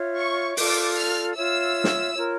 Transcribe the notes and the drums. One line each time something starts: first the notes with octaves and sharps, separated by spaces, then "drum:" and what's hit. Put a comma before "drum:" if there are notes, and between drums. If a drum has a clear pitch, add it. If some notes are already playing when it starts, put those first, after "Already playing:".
Already playing: F4 C#5 E5
C#6
F4 A4 D5 D6, drum: open hi-hat
F6
F4 C#5 E5 E6
drum: snare
F4 A#4 C#5